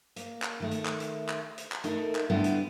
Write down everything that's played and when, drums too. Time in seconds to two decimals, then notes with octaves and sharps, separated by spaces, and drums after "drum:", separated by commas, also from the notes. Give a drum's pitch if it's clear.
0.16 A#3, drum: hi-hat
0.42 drum: clap
0.60 D#3 A3
0.71 drum: hi-hat
0.86 drum: clap
1.00 drum: hi-hat
1.29 drum: clap
1.58 drum: hi-hat
1.72 drum: clap
1.84 A3 D#4 A4 A#4, drum: hi-hat
2.15 drum: clap
2.30 D3 G3 A3 B3 C4 E4
2.44 drum: hi-hat